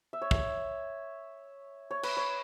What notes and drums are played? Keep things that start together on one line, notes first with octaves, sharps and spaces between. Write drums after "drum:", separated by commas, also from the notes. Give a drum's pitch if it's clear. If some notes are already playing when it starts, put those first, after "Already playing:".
E5
C#5
E5, drum: kick
C#5
B4, drum: cymbal
C#5